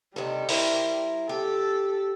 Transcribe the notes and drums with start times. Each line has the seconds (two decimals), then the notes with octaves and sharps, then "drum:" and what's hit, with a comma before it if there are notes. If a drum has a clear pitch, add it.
0.16 D#2 C3 G3 A4
0.49 E4 A#4 C5, drum: open hi-hat
1.29 G4 A4